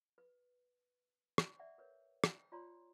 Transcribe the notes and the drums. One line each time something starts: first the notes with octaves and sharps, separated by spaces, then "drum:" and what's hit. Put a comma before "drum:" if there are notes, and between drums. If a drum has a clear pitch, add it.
B4
drum: rim click
D5 E5 F#5
A#4 B4 C#5
drum: rim click
F4 C#5 D5 A#5 C6